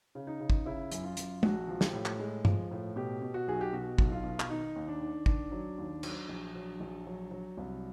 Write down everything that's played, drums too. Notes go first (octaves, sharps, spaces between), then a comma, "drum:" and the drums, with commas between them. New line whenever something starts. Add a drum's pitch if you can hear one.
C#3
D#4
C#3
drum: kick
C#3 E4
F#2, drum: hi-hat
F4
F#2, drum: hi-hat
A#1 F#4, drum: tom
F3
G4, drum: snare
A2
drum: clap
G#3
F3, drum: tom G2
A2
B2 G4
B2
F#4
B1 G#4
G4
B2 F#4
B1, drum: kick
F4
B2
drum: clap
D#3 D#4
D#2
D4
D#3
D#3 D4, drum: kick
F#3
D#2
F#3, drum: cymbal
A#1
F#3
A#1
F#3
F#3
C2